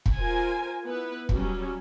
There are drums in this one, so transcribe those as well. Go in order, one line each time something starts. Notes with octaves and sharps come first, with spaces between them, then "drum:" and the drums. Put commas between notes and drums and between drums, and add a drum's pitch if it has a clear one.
drum: kick
F4 A#4 C5 G#5
B3 E4 B4
F#3 G3 C#4, drum: kick